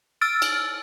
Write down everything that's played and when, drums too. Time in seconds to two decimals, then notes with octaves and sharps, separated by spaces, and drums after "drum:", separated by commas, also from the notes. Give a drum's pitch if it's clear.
0.21 E6 F6 A6 D7
0.42 drum: cymbal